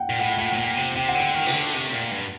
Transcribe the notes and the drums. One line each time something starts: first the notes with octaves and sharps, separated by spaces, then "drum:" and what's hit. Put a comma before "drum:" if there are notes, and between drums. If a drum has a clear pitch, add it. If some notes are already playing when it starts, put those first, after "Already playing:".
Already playing: F#5 G5
A#2
A2 F#5, drum: hi-hat
G5
A2 F#5
A2
A#2 G5
C3
C3 G5, drum: hi-hat
F#5
D3
G5, drum: hi-hat
D#3
C3, drum: open hi-hat
D3
C3, drum: hi-hat
A#2
G2